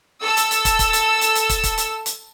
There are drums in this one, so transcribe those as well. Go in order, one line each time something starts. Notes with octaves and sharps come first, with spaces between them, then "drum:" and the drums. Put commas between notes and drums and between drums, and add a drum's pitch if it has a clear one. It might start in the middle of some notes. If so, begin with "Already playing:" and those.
A4 E6
drum: hi-hat
drum: hi-hat
drum: kick, hi-hat
drum: kick, hi-hat
drum: hi-hat
drum: hi-hat
drum: hi-hat
drum: kick, hi-hat
drum: kick, hi-hat
drum: hi-hat
drum: hi-hat